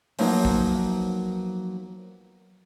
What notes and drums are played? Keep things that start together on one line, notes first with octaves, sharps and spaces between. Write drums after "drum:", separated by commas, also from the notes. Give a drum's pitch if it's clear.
F3 F#3 A#3 B3 D#4, drum: open hi-hat
drum: kick A#1